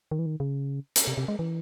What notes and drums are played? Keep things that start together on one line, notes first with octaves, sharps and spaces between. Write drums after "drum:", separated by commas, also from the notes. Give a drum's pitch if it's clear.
D#3
E3
D#3
C#3
drum: hi-hat
C3
C3
G#3
E3